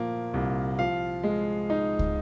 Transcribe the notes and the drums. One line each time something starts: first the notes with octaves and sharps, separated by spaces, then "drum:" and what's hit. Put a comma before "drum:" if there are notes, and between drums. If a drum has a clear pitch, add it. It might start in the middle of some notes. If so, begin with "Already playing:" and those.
Already playing: A#2 F3 A#3
C2
F3 F5
G#3
D#4
drum: kick